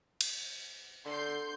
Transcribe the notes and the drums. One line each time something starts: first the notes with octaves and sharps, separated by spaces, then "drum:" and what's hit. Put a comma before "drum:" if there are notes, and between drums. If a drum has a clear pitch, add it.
drum: cymbal
D3 C6 G6